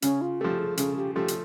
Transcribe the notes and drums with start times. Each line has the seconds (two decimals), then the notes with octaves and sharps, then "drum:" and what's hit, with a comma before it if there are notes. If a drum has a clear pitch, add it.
0.02 C#3 C#4, drum: hi-hat
0.21 F4
0.40 F3 A3 G4
0.59 G#4
0.77 C#3 G#4, drum: hi-hat
0.97 G4
1.15 F3 A3 G4
1.28 drum: hi-hat